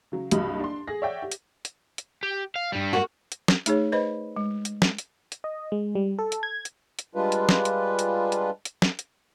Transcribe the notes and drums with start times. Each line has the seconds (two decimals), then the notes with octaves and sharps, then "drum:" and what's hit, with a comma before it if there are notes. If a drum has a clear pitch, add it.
0.12 C#3 F#3
0.31 F#1 C2 G2 F#3 D#5 B5, drum: hi-hat
0.60 D4 C6
0.88 G#4 A#6
1.02 C#5 D5 E5 F#5 G5
1.22 G4
1.32 drum: hi-hat
1.65 drum: hi-hat
1.98 drum: hi-hat
2.23 G4
2.56 F5
2.72 G2 G3
2.93 A#3 F#4
3.32 drum: hi-hat
3.48 drum: snare
3.66 A3 D#4 G#4 C#5, drum: hi-hat
3.92 B4 C5 D#5 B5
4.36 G#3
4.65 drum: hi-hat
4.82 drum: snare
4.98 drum: hi-hat
5.32 drum: hi-hat
5.44 D#5
5.72 G#3
5.95 G3
6.19 A4
6.32 drum: hi-hat
6.43 G#6
6.65 drum: hi-hat
6.99 drum: hi-hat
7.15 G3 G#3 D4 F4 B4
7.32 drum: hi-hat
7.49 drum: snare
7.65 drum: hi-hat
7.99 drum: hi-hat
8.32 drum: hi-hat
8.65 drum: hi-hat
8.82 drum: snare
8.99 drum: hi-hat